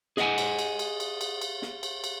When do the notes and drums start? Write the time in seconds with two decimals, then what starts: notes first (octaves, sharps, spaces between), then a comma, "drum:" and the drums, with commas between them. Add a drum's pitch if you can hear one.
0.17 G#4 D#5 E5 F#5 G#5, drum: snare
0.38 drum: cymbal
0.59 drum: cymbal
0.79 drum: cymbal
1.00 drum: cymbal
1.21 drum: cymbal
1.41 drum: cymbal
1.62 drum: snare
1.83 drum: cymbal
2.04 drum: cymbal